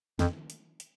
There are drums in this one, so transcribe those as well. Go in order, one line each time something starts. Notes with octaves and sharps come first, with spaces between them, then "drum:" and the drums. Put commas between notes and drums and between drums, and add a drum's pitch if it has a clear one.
F2, drum: snare
drum: hi-hat
drum: hi-hat